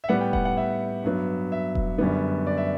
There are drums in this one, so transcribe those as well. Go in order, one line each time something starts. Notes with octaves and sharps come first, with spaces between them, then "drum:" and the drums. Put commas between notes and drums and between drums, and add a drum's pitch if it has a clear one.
E5
A2 G3 B3 F#5
G5
F#5, drum: kick E1
F#5
E5
G2 F#3 B3
E5
drum: kick E1
F#2 D3 G3 B3
D5
E5